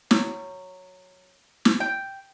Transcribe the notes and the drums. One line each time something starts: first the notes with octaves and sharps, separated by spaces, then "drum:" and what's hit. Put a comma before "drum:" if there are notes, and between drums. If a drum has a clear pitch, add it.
F#3, drum: snare
drum: snare
G5